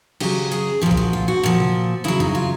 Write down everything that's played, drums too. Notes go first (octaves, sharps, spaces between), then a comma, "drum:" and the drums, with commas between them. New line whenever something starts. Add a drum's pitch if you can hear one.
C#3 F#3 G4, drum: cymbal
G#4, drum: hi-hat
A#2 F3 G4
F4, drum: kick A#1
F#4
F4
F#4
A#2 F3
drum: tom C3
C#3 F#3 E4
D#4, drum: tom F2
F4